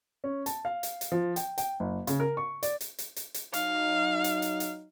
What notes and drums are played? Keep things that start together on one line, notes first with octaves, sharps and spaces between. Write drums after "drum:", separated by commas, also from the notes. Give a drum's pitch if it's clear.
C#4
A5, drum: hi-hat
F5
drum: hi-hat
drum: hi-hat
F3
G5, drum: hi-hat
G5, drum: hi-hat
F#1
C#3, drum: hi-hat
A#4
C#6
D5, drum: hi-hat
drum: hi-hat
drum: hi-hat
drum: hi-hat
drum: hi-hat
F#3 D#4 F5, drum: hi-hat
drum: hi-hat
drum: hi-hat
drum: hi-hat